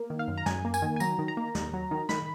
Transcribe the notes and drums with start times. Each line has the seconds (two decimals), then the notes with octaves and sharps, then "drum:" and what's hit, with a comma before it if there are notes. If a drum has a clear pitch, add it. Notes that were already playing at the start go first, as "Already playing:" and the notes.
Already playing: A#3
0.10 D#3
0.19 F5
0.28 F#2
0.37 A#5
0.46 F#2 G#5, drum: snare
0.65 A#3
0.74 G#5, drum: tambourine
0.82 D#3
0.96 G#5
1.00 F#3 A#5, drum: tambourine
1.19 D#3
1.28 A#5
1.37 A#3
1.55 D#2, drum: snare
1.74 F#3
1.91 D#3
2.09 D#3 B5, drum: snare